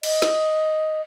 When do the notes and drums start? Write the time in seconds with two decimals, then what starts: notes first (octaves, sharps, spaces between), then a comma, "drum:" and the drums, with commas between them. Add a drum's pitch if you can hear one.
0.03 D#5, drum: cymbal
0.22 drum: snare